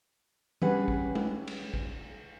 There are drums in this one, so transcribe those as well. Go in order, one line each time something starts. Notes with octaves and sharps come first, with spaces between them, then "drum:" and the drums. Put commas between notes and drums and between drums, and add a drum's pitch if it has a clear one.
G3 C#4 G#4 B4 F#5, drum: tom E3
drum: kick A#1
drum: tom
drum: cymbal
drum: kick A#1